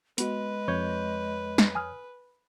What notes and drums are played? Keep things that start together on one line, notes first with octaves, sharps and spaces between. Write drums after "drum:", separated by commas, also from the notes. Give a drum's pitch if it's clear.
G#3 B3 F#4 B4, drum: hi-hat
F2 C#5 G6
drum: snare
G#5 D#6 F6